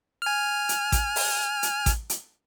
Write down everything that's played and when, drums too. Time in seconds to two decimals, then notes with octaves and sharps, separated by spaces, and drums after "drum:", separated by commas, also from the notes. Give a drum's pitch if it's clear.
0.22 G#5 F6
0.69 drum: hi-hat
0.92 drum: kick A1, hi-hat
1.16 drum: open hi-hat
1.63 drum: hi-hat
1.86 drum: kick A1, hi-hat
2.10 drum: hi-hat